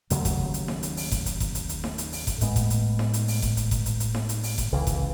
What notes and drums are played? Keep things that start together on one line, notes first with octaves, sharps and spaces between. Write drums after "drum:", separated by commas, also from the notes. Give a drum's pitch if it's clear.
D#2 C#3 F#3 A3, drum: hi-hat
drum: kick F#1, hi-hat
drum: hi-hat
drum: snare D#4
drum: hi-hat
drum: open hi-hat
drum: kick F#1, hi-hat
drum: hi-hat
drum: kick F#1, hi-hat
drum: hi-hat
drum: hi-hat
drum: snare D#4
drum: hi-hat
drum: open hi-hat
drum: kick F#1, hi-hat
A2 G#3 B3, drum: hi-hat
drum: kick F#1, hi-hat
drum: hi-hat
drum: snare D#4
drum: hi-hat
drum: open hi-hat
drum: kick F#1, hi-hat
drum: hi-hat
drum: kick F#1, hi-hat
drum: hi-hat
drum: hi-hat
drum: snare D#4
drum: hi-hat
drum: open hi-hat
drum: kick F#1, hi-hat
C#2 C#3 E3
drum: kick F#1, hi-hat